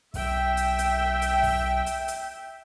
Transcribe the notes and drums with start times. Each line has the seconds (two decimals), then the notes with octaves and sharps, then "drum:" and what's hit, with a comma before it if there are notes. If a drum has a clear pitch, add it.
0.14 B1 E5 G5, drum: kick, open hi-hat
0.57 drum: hi-hat
0.79 drum: hi-hat
1.22 drum: hi-hat
1.43 drum: kick, open hi-hat
1.86 drum: hi-hat
2.08 drum: hi-hat